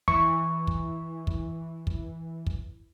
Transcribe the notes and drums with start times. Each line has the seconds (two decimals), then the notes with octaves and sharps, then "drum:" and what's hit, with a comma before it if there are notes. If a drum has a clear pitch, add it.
0.08 E3 C#6, drum: kick
0.67 drum: kick
1.27 drum: kick
1.87 drum: kick
2.47 drum: kick